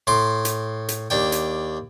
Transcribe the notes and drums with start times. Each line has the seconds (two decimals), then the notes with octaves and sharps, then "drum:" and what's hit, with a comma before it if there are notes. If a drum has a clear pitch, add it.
0.07 A2 C6 D6
0.45 drum: hi-hat
0.89 drum: hi-hat
1.10 D#2 D4 G5
1.32 drum: hi-hat